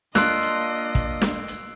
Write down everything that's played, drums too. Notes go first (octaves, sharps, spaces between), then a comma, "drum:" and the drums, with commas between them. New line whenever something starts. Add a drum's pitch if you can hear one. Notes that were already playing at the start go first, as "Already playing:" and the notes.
A#3 D4 F4 D#5 E6 F#6 C7 D7, drum: snare
drum: hi-hat
drum: kick, hi-hat
drum: snare
drum: hi-hat